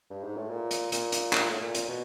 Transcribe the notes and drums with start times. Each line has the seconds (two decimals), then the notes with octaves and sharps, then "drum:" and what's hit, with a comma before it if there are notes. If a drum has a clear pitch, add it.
0.10 G2
0.24 G#2
0.37 A2
0.50 A#2
0.71 drum: hi-hat
0.92 A#2, drum: hi-hat
1.12 drum: hi-hat
1.33 A#2, drum: clap
1.50 A2
1.61 A#2
1.75 drum: hi-hat
1.88 B2